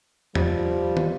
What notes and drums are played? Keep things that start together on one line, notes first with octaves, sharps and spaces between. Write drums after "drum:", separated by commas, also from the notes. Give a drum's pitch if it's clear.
F3 G3, drum: tom
drum: tom